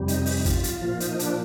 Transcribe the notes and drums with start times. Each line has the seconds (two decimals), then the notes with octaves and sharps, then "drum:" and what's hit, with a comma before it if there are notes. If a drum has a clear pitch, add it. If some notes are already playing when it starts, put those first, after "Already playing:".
Already playing: F2 C3 G3
0.08 D#4, drum: hi-hat
0.26 D#4, drum: open hi-hat
0.45 F4, drum: kick, hi-hat
0.64 F4, drum: hi-hat
0.81 A#2 F3 F4
1.00 D#4, drum: hi-hat
1.19 D4, drum: hi-hat